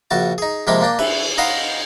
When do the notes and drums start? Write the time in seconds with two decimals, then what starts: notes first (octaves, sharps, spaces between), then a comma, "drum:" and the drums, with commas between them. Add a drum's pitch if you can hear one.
0.11 A#1 C#3 F#4 A5
0.38 D#4 G#4
0.67 C3 F3 G#3 A#3 G5 B5
0.81 A#3 D4 G5
0.99 B4 E5, drum: cymbal
1.38 D#4 D#5 F5 F#5 B5 C6